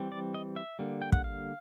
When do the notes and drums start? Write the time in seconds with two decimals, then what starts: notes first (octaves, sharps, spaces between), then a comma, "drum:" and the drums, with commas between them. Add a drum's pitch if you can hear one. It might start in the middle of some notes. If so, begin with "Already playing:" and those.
Already playing: E3 G3 C4
0.12 D5
0.34 D#5
0.56 E5
0.79 D3 G3 A#3
1.02 G5
1.12 F#5, drum: kick
1.24 F5